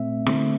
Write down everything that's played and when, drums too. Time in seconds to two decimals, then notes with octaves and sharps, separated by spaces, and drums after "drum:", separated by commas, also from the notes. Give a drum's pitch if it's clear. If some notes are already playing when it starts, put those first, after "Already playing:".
Already playing: A#2 A3 C4 E5
0.26 D3 A3 C4, drum: snare